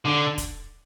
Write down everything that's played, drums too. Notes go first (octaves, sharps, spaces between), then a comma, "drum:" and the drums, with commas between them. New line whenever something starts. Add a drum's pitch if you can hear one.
D3
drum: kick, hi-hat